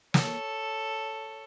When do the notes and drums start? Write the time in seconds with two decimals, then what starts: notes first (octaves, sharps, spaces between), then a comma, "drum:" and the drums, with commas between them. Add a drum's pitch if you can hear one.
0.14 A4 C#5, drum: snare